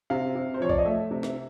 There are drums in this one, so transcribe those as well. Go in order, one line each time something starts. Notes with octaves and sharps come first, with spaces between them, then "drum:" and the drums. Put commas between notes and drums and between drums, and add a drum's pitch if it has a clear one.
C3 F5
C3
C5
F3 C#5
D5, drum: kick
D#5
A3 E5
C3
drum: snare